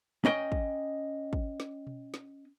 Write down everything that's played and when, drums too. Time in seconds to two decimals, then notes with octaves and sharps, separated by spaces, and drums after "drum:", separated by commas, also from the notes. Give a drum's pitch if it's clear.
0.25 C#4 D#5 G5
0.52 drum: kick
1.33 drum: kick
1.60 drum: snare
1.87 drum: tom B2
2.14 drum: snare